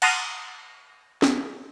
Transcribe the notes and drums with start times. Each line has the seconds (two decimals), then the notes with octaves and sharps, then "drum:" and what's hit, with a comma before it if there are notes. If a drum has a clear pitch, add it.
0.02 F#5 A5 A#5 C6 D#6 F6, drum: cymbal
1.22 drum: snare